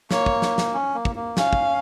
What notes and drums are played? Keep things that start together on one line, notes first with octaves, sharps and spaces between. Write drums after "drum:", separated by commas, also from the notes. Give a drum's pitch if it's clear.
A#3 C#5, drum: snare
drum: kick
drum: snare
drum: snare
C#4
A#3
drum: kick
A#3
C#4 F5, drum: snare
drum: kick